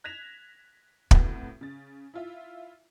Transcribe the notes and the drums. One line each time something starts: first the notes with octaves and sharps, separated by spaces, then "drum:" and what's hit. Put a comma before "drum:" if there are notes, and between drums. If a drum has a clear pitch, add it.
F#6 G#6 A#6 B6 E7 F7
A2 C3 B3 F#4, drum: kick
C#3 A6
E4 F4 E5